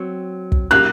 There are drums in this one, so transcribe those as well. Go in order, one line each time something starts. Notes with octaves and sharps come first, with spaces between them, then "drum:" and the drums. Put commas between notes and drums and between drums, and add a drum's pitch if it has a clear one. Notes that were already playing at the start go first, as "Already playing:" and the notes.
Already playing: F#3 C4
drum: kick
A#2 F#3 A#3 F#6